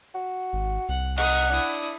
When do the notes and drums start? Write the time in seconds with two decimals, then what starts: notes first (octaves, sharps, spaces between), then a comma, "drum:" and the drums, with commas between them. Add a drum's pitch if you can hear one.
0.14 F#4
0.53 G#1
0.89 C2 F#5
1.18 D#4 F#5 D#6, drum: cymbal
1.49 D4 E4 D#6